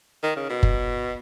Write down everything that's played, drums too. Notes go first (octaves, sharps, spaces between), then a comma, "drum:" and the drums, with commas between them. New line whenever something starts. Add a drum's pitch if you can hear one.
D#3
C#3
B2
drum: kick F#1